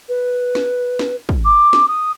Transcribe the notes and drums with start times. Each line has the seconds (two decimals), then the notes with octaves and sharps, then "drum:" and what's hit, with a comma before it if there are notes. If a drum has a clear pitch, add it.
0.08 B4
0.55 drum: snare
0.99 drum: snare
1.29 drum: kick
1.45 D6
1.73 drum: snare
1.88 D#6